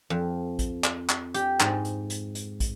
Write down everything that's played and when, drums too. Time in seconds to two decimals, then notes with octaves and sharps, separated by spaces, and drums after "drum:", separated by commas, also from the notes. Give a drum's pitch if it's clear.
0.10 F2
0.59 drum: kick, hi-hat
0.84 drum: clap
1.09 drum: clap
1.34 G4, drum: hi-hat
1.60 G#2, drum: clap
1.85 drum: hi-hat
2.10 drum: hi-hat
2.35 drum: hi-hat
2.60 drum: kick, hi-hat